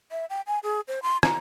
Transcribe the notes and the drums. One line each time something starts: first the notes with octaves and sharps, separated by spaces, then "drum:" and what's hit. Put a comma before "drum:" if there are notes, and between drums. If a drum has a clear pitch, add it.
E5
G5
G#5
G#4
C5
C6
A#5, drum: rim click